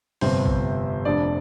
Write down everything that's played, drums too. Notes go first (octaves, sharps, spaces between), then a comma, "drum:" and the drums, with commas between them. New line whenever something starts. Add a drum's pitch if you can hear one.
G1 F2 C3 G3 C5, drum: open hi-hat
drum: kick A#1
F1 F2 D3 D5